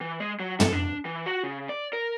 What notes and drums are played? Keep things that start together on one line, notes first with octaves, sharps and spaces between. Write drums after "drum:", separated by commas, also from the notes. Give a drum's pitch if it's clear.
E3
G#3
F#3
A4, drum: tom
D4
E3
F#4
C#3
D5
A#4